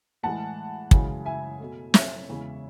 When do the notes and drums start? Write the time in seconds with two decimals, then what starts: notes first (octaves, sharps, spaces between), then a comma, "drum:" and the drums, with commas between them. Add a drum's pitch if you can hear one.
0.23 A2 E3 G#3 F#5 A5
0.91 F#2 C#3 E3 G#3, drum: kick
1.25 E5 G#5
1.59 B2 A3
1.94 C#5 E5, drum: snare
2.29 E2 C#3 E3 G#3